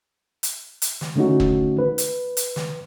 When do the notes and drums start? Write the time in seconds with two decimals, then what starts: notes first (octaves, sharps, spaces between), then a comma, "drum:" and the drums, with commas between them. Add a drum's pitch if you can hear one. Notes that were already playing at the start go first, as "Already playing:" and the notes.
0.43 drum: hi-hat
0.82 drum: hi-hat
1.01 drum: snare
1.16 D3 A3 C#4 D#4 F#4
1.40 drum: kick
1.79 B4
1.98 drum: hi-hat
2.37 drum: hi-hat
2.56 drum: snare